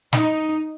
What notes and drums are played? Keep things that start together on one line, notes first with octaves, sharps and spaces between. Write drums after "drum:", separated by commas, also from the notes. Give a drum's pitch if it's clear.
D#4, drum: snare